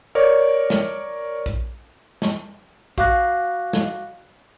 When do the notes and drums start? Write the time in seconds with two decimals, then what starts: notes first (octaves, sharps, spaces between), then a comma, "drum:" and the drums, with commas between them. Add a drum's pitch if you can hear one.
0.15 A#4 C#5 D5
0.70 drum: snare
1.46 drum: kick A#1, hi-hat
2.22 drum: snare
2.98 F#4 F5 D6 F#6 A#6, drum: kick A#1, hi-hat
3.73 drum: snare